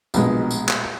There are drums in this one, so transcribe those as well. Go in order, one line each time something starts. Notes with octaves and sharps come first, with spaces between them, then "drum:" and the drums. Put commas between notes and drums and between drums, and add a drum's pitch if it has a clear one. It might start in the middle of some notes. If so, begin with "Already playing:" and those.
A#1 B2 G#3, drum: tambourine
drum: tambourine
drum: clap